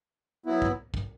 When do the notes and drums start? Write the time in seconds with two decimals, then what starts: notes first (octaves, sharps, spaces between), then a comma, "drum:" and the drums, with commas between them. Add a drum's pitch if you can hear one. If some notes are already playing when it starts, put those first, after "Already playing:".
0.46 F#3 B3 E4
0.62 drum: kick
0.94 drum: kick